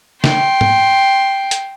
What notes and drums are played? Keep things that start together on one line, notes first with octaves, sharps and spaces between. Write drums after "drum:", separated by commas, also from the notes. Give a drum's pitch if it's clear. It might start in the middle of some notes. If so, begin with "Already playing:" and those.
G5 C6, drum: snare
drum: tom
drum: hi-hat